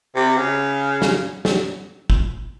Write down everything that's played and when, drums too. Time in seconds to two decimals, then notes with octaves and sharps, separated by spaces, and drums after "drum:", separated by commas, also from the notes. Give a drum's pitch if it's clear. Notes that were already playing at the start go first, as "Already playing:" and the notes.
0.15 C3
0.37 C#3
1.02 drum: snare
1.45 drum: snare
2.10 drum: kick